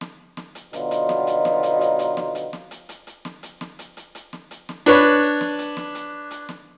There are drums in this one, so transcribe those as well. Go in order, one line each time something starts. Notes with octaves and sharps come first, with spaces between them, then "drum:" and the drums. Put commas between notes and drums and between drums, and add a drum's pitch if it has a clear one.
drum: snare
drum: snare
drum: hi-hat
B2 D3 F#3 B3 D#4 F4, drum: hi-hat
drum: hi-hat
drum: snare
drum: hi-hat
drum: snare
drum: hi-hat
drum: hi-hat
drum: hi-hat
drum: snare
drum: hi-hat
drum: snare
drum: hi-hat
drum: hi-hat
drum: hi-hat
drum: snare
drum: hi-hat
drum: snare
drum: hi-hat
drum: hi-hat
drum: hi-hat
drum: snare
drum: hi-hat
drum: snare
D4 B4 C#5, drum: hi-hat
drum: hi-hat
drum: snare
drum: hi-hat
drum: snare
drum: hi-hat
drum: hi-hat
drum: snare